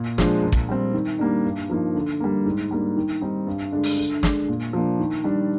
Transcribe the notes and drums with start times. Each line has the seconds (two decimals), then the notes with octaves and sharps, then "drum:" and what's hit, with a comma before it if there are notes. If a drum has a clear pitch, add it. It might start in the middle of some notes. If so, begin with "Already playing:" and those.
Already playing: A#2
0.18 F3 G#3 D4, drum: snare
0.43 A#2
0.52 drum: kick
0.69 G3 C4
0.93 D#3
1.19 G3 A#3 D4
1.44 G2
1.70 F3 A#3 D#4
1.95 D3
2.20 G3 A#3
2.46 G#2
2.71 G3 A#3 D4
2.97 D#3
3.21 G3 C4 D#4
3.47 G2
3.72 D3 G#3 D4
3.83 drum: open hi-hat
3.98 D3
4.23 G#3 D4, drum: snare
4.48 A#2
4.73 F3 A#3 D4
4.99 D#3
5.24 G3 D4